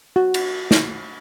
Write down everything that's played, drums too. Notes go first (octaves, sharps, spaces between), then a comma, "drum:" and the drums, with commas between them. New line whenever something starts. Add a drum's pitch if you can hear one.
F#4
drum: cymbal
drum: snare